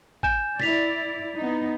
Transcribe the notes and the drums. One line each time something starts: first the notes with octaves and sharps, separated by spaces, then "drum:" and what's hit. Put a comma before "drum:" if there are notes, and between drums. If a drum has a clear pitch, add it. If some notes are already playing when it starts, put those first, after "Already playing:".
G#5 G6 E7, drum: kick
E4 D5 A6 B6 F7, drum: snare
B3 D#4